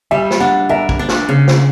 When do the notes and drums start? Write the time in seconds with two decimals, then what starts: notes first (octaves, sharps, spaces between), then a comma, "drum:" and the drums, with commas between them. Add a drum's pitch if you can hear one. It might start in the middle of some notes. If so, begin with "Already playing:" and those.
0.11 G3 E5
0.31 drum: snare
0.40 D4 F#5
0.69 A#4 E5
0.89 drum: kick
0.99 D4
1.09 drum: snare
1.29 C#3
1.48 drum: snare